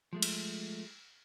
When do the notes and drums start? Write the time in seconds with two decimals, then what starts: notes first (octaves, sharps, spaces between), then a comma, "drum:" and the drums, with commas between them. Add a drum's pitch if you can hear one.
0.13 F3 G#3 A3
0.23 drum: cymbal